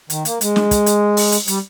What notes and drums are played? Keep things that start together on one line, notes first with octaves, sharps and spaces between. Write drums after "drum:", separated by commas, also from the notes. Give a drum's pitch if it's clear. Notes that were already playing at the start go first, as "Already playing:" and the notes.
D#3, drum: hi-hat
A#3, drum: hi-hat
G#3, drum: hi-hat
drum: snare
drum: kick, hi-hat
drum: hi-hat
drum: open hi-hat
drum: hi-hat
G3, drum: hi-hat